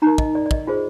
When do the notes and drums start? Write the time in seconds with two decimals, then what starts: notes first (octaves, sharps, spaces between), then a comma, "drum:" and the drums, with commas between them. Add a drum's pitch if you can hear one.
0.02 D#4 A#4 A#5
0.18 D#5, drum: kick
0.35 D5
0.46 D5
0.51 D#5, drum: kick
0.67 F4 G#4 C5